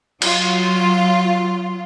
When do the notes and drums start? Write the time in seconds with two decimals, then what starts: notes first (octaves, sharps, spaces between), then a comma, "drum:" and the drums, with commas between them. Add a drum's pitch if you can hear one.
0.22 F#3 F4, drum: cymbal